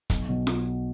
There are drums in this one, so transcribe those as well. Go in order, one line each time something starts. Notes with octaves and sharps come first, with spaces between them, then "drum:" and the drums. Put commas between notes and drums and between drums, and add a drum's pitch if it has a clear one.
B1, drum: kick, hi-hat
B2 F#3
drum: snare F4